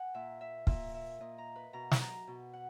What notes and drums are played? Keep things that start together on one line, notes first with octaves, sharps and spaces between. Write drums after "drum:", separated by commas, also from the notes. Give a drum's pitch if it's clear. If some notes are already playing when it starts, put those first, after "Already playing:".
Already playing: F#5 G#5
A#2 E5
E5
A#2 E5, drum: kick
E5
A#2 D#5
A#5
B4
B2 A#5
drum: snare
A#5
B2
F#5